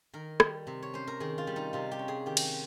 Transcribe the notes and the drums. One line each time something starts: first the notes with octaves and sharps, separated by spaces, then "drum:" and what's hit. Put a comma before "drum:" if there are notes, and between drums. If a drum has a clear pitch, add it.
D#3 A#4
G3, drum: rim click
C3
C#5
C#4 C5
A#4
D#3 G#4
F4
G3
D#4
C3 F4
G4
C#4
G#4
D#3 G4
drum: cymbal